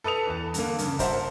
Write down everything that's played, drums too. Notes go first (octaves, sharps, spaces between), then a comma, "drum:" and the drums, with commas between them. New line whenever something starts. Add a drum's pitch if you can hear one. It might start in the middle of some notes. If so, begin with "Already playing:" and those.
A4 B4 D#6 C#7 F7
E2 A5
G2 D3 A#3, drum: hi-hat
G2 C#3, drum: hi-hat
A#4 C5 E5 F#5 A5, drum: kick, hi-hat